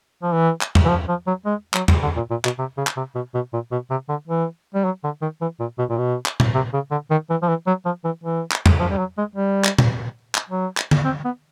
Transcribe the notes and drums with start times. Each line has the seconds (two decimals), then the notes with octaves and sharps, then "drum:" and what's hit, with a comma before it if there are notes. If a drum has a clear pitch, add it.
0.23 F3
0.32 E3
0.61 drum: clap
0.75 drum: tom E2
0.85 E3
0.89 F3
1.08 F3
1.27 F#3
1.46 G#3
1.74 F#3, drum: clap
1.88 drum: tom E2
2.02 D3
2.16 A#2
2.30 A#2
2.45 B2, drum: clap
2.59 C3
2.77 C#3
2.87 drum: clap
2.97 C3
3.15 B2
3.34 B2
3.53 A#2
3.71 B2
3.90 C3
4.09 D3
4.28 E3
4.74 G3
4.85 F#3
5.04 D3
5.22 D#3
5.41 E3
5.60 A#2
5.78 B2
5.90 A#2
5.98 B2
6.26 drum: clap
6.40 drum: tom A#2
6.55 C3
6.73 C#3
6.91 D3
7.10 D#3
7.30 E3
7.42 F3
7.49 E3
7.67 F#3
7.85 F3
8.04 E3
8.24 E3
8.51 drum: clap
8.66 drum: tom E2
8.80 F3
8.91 G3
8.98 F#3
9.18 G#3
9.36 G3
9.64 drum: clap
9.78 drum: tom A#2
10.35 drum: clap
10.49 F#3
10.77 drum: clap
10.91 drum: tom D3
11.05 C4
11.24 B3